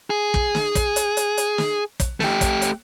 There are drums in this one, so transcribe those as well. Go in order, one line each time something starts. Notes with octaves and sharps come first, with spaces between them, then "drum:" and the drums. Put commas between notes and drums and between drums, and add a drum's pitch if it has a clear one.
G#4
drum: kick
drum: snare
drum: kick, hi-hat
drum: hi-hat
drum: hi-hat
drum: hi-hat
drum: snare
drum: kick, hi-hat
A3 G4, drum: snare
drum: kick, hi-hat
drum: hi-hat